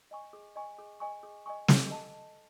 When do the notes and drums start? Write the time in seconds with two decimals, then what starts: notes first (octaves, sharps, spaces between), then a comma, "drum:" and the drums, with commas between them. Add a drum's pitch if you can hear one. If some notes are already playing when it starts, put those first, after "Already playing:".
0.11 D#5 G#5 C#6
0.33 G#4
0.56 D#5 G#5 C#6
0.78 G#4
1.00 D#5 G#5 C#6
1.23 G#4
1.46 D#5 G#5 C#6
1.68 A4, drum: snare
1.91 D#5 A5